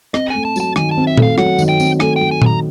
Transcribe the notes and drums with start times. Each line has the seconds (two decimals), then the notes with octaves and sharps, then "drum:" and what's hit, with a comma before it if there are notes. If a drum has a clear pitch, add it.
0.14 C4 D#5, drum: rim click
0.30 A3 G#5
0.45 A5
0.56 F#3 A5, drum: tambourine
0.76 D#3 G#5, drum: rim click
0.91 A5
0.97 C4
1.07 E5
1.17 A3, drum: tom A#2
1.23 F5
1.38 F#3 F#5, drum: rim click
1.58 D#3, drum: tambourine
1.69 G5
1.80 C4, drum: tambourine
2.00 A3 G#5, drum: rim click
2.16 F#3 G5
2.31 G#5
2.42 D#3 A#5, drum: tom A#2